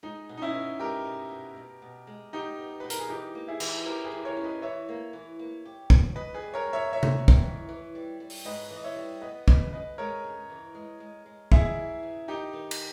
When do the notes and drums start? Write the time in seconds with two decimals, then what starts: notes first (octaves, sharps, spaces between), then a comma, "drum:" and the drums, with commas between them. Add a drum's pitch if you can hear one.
0.03 G#3 D#4
0.29 B2
0.37 D#4
0.42 C#4 E4
0.55 B3
0.79 G#3 G4 A#4
1.05 B2
1.31 B2
1.56 B2
1.82 B2
2.07 G#3
2.33 B3 D#4 G4
2.58 B3
2.80 B2 B4
2.90 A#4, drum: hi-hat
2.99 G#4
3.09 E3 D#4 G4
3.35 A#3
3.48 E4 G#4
3.60 E3, drum: cymbal
3.86 C#4 G4 A#4
4.05 G#4 B4
4.12 E3
4.25 A#4 C#5
4.37 C#4
4.44 B4 D#5
4.62 E3 C#5 E5
4.89 A#3
5.13 E3
5.39 A#3
5.65 G4
5.90 A#3, drum: kick
6.15 G#2 B4 D#5
6.34 G#4 B4
6.42 G3
6.54 A#4 C#5
6.67 G#2
6.73 C#5 E5
6.92 G3 C#5 E5
7.03 drum: tom C3
7.18 G3
7.28 drum: kick
7.44 E3
7.69 E3
7.95 G3
8.20 G3
8.30 drum: open hi-hat
8.45 G#2 B4 D#5
8.70 E3
8.76 D#5
8.84 C#5 E5
8.96 G3
9.21 B3 B4 D#5
9.48 C#3 B4 D#5, drum: kick
9.73 G#3 B4 D#5
9.98 G#3 A#4 C#5
10.24 C#3
10.50 E3
10.75 G#3
11.00 G#3
11.26 G#3
11.52 G#3 E4 G#4, drum: kick
11.77 E3
12.03 C#3
12.28 D#3 D#4 G4
12.53 D#3
12.71 drum: cymbal